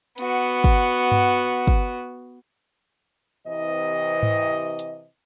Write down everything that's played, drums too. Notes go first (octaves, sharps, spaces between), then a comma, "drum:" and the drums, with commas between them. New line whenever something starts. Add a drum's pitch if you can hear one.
B3 F#4, drum: hi-hat
drum: kick
drum: tom G2
drum: kick
C3 E3 D#5
drum: tom G#2
drum: hi-hat